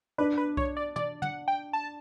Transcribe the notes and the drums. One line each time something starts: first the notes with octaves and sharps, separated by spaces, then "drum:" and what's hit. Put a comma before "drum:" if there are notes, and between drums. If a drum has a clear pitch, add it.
D4 B4
B4
C#5, drum: kick B1
D5
D5, drum: tom
F#5, drum: tom
G5
A5